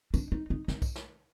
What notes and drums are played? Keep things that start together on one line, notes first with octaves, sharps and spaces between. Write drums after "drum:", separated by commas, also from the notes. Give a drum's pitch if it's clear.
D4, drum: tambourine
D#4
D#4
D#4, drum: snare
drum: kick B1, tambourine
drum: snare